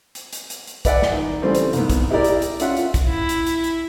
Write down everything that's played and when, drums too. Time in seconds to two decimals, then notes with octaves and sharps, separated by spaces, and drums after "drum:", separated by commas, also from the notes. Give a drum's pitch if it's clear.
0.15 drum: hi-hat
0.33 drum: hi-hat
0.50 drum: hi-hat
0.67 drum: hi-hat
0.85 B4 D5 E5 F#5 G#5, drum: kick, hi-hat
1.02 drum: snare
1.12 D#3
1.42 C#3 E3 G3 A3 C4
1.55 drum: hi-hat
1.73 C2 G#2 B3, drum: hi-hat
1.90 drum: kick, hi-hat
2.10 E4 G4 G#4 A#4 D5
2.24 drum: hi-hat
2.42 drum: hi-hat
2.60 C#4 F4 E5 F#5, drum: hi-hat
2.77 drum: hi-hat
2.94 drum: kick, hi-hat
3.08 E4
3.29 drum: hi-hat
3.46 drum: hi-hat
3.64 drum: hi-hat